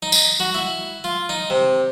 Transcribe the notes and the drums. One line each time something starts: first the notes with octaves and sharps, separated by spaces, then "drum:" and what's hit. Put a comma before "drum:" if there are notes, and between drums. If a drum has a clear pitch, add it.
D#4
drum: tambourine
F#4
E4
F4
D#4
C3